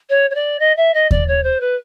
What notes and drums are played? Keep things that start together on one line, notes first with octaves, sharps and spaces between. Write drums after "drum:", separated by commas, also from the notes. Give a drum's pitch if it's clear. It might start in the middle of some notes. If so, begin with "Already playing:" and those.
C#5
C#5
D5
D#5
E5
D#5
D5, drum: kick D#2
C#5
C5
B4